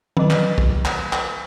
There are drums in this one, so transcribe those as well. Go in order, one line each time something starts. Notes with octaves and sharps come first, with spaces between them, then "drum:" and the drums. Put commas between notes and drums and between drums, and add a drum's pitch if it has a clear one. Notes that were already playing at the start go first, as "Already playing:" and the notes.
D#3 F#3, drum: tom E3
drum: clap
drum: kick
drum: clap
drum: clap